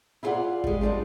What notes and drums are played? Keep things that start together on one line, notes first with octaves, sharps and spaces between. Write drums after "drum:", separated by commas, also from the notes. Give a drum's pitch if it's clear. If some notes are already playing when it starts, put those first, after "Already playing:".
E4 F4 G#4 C5 D5 F#5
G3 G#3, drum: kick G#1
G3 G#3 C4 D4 F4